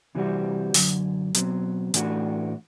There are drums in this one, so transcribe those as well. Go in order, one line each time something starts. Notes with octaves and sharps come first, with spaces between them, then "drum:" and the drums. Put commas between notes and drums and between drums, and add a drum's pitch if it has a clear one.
C3 E3 G3 C4 F#4
F#2 D3 F#3, drum: open hi-hat
B2 F#3 C4, drum: hi-hat
A2 E3 A3 D4 F#4, drum: hi-hat